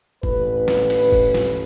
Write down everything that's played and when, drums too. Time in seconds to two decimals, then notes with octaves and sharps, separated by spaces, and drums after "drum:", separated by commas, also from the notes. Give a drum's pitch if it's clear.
0.23 A1 B4, drum: kick
0.68 drum: snare
0.90 drum: cymbal
1.12 drum: kick
1.34 drum: snare